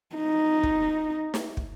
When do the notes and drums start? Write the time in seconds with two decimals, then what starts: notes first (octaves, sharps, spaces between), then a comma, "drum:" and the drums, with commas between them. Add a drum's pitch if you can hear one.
0.16 D#4
0.63 drum: kick
1.34 drum: snare
1.57 drum: kick